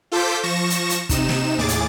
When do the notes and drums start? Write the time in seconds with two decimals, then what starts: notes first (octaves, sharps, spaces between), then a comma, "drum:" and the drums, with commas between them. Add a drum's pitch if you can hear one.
0.12 F4 A4 C5 D6 G6 B6
0.43 F3 C#6 A#6 E7
0.70 drum: hi-hat
0.90 drum: hi-hat
1.09 C3 D#4 E7, drum: kick, hi-hat
1.29 drum: snare
1.58 D#2 A2 G#4 D6 A6
1.68 drum: hi-hat